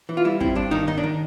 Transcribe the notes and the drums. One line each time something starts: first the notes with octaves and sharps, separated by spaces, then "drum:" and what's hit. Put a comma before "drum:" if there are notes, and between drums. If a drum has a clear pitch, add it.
E3
F4
G3 E4
C4 E4, drum: kick
G2 D4
D#3 D#4
D#3 D#4
D4
D#3